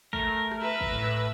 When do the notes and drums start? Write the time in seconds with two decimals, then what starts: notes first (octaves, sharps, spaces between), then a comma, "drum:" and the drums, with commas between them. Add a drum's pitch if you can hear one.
0.13 A3 A#4, drum: kick
0.51 drum: rim click
0.61 B4 E5
0.81 drum: kick
0.92 A2